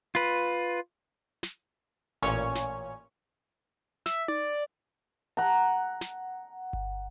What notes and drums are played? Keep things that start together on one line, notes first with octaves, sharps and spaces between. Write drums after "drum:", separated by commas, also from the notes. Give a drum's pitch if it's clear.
F4 B4
drum: snare
A1 A#2 C#4 C#5
drum: snare
E5, drum: snare
D5, drum: tom D#4
F#5 A#5
drum: snare
drum: kick G1